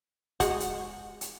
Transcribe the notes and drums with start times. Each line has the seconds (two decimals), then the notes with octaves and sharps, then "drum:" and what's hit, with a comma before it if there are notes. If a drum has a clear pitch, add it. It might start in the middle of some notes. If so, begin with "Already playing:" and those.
0.40 G#3 F#4, drum: kick, hi-hat
0.60 drum: hi-hat
1.21 drum: hi-hat